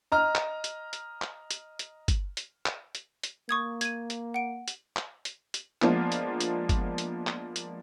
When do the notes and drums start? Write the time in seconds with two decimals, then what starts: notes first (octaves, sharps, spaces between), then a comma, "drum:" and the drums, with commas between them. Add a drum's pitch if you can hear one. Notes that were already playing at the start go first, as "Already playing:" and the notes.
0.12 D#5 A#5 F6
0.35 drum: clap
0.64 drum: hi-hat
0.93 drum: hi-hat
1.22 drum: clap
1.51 drum: hi-hat
1.79 drum: hi-hat
2.08 drum: kick, hi-hat
2.37 drum: hi-hat
2.66 drum: clap
2.95 drum: hi-hat
3.23 drum: hi-hat
3.49 A#3 C#6 D#6 G#6
3.81 G#6 D#7, drum: hi-hat
4.10 drum: hi-hat
4.34 F#5 D7
4.68 drum: hi-hat
4.96 drum: clap
5.25 drum: hi-hat
5.54 drum: hi-hat
5.82 F3 G#3 A#3 B3 D4 F4, drum: clap
6.12 drum: hi-hat
6.41 drum: hi-hat
6.69 drum: kick, hi-hat
6.98 drum: hi-hat
7.27 drum: clap
7.56 drum: hi-hat